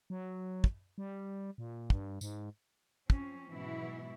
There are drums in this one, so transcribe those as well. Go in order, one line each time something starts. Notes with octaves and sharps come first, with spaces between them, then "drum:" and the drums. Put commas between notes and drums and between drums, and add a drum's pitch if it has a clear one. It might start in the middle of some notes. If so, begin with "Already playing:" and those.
F#3
drum: kick
G3
A#2
G2, drum: kick
G#2, drum: tambourine
F3 C4 C#4, drum: kick
G#2 B2 E3 F#3 E4 F#4